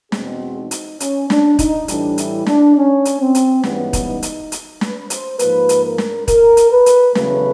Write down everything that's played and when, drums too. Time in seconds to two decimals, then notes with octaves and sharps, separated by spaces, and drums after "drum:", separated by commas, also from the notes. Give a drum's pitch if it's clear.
0.12 E2 B2 G#3 C4 G#4, drum: snare
0.56 D#4
0.71 drum: hi-hat
1.00 C#4, drum: hi-hat
1.30 D4, drum: snare
1.59 D#4, drum: kick, hi-hat
1.88 A2 E3 G3 D4, drum: hi-hat
2.18 E4, drum: hi-hat
2.46 D4, drum: snare
2.76 C#4
3.05 drum: hi-hat
3.20 C4
3.35 drum: hi-hat
3.64 G#2 E3 G3 B3 C#4, drum: snare
3.93 drum: kick, hi-hat
4.08 D#4
4.23 drum: hi-hat
4.52 drum: hi-hat
4.81 B4, drum: snare
5.10 C5, drum: hi-hat
5.39 G#2 F3 A#3 B4, drum: hi-hat
5.69 drum: hi-hat
5.84 A#4
5.98 drum: snare
6.28 A#4, drum: kick, hi-hat
6.57 drum: hi-hat
6.71 B4
6.86 drum: hi-hat
7.15 E2 C#3 F#3 A3 B4, drum: snare